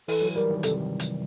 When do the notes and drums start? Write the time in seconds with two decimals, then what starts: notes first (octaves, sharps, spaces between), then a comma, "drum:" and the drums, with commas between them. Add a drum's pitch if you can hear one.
0.08 E3 A4, drum: open hi-hat
0.22 F#3
0.36 G3 A#4
0.50 D#3
0.63 C3 A4, drum: hi-hat
0.99 drum: hi-hat